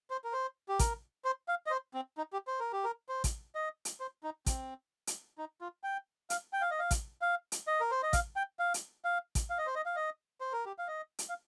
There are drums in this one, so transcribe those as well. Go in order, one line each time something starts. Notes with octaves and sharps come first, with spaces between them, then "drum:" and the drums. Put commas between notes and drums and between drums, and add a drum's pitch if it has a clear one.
C5
A#4
C5
G4
A#4, drum: kick, hi-hat
C5
F5
D#5
C5
C4
D#4
G4
C5
A#4
G4
A#4
C5
drum: kick, hi-hat
D#5
drum: hi-hat
C5
D#4
C4, drum: kick, hi-hat
drum: hi-hat
D#4
F4
G5
F5, drum: hi-hat
G5
F5
D#5
F5
drum: kick, hi-hat
F5
drum: hi-hat
D#5
A#4
C5
D#5
F5, drum: kick, hi-hat
G5
F5
drum: hi-hat
F5
drum: kick, hi-hat
F5
D#5
C5
D#5
F5
D#5
C5
A#4
G4
F5
D#5
drum: hi-hat
F5